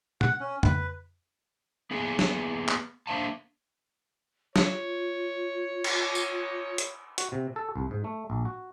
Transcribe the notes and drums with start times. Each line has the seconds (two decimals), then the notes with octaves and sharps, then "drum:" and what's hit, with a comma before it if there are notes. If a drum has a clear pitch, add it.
0.21 F#5, drum: tom
0.40 C#4
0.63 B4, drum: tom F2
1.91 A#3 B3 G#4 B4
2.19 drum: snare
2.69 drum: clap
3.07 A#3 D4 C5 E5 F5 A5
4.56 F4 C#5, drum: snare
5.84 drum: cymbal
6.15 drum: tambourine
6.78 drum: hi-hat
7.18 F#4, drum: hi-hat
7.32 C3
7.56 A4
7.76 C2
7.91 G#2
8.04 A3
8.30 A#1
8.45 F#4